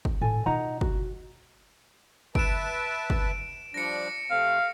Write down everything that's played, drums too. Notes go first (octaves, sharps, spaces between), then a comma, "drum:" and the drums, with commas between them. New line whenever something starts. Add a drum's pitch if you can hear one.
drum: kick
A2 A4 G#5
B2 D#4 F4 F#5 A#5
F#4, drum: kick
B4 E5 A5 D7 E7, drum: kick
drum: kick
F3 G3 D4 A#6 C#7
C3 A3 C4 F5